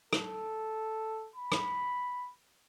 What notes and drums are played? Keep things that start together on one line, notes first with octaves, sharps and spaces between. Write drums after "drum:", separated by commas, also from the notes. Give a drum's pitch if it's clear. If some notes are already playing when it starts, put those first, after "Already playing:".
A4, drum: rim click
B5
drum: rim click